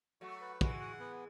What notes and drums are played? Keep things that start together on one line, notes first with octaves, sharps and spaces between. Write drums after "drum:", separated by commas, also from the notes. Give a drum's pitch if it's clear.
F#3 A3 F#4
B4
E3 G#3 F#4, drum: kick
F#5
B3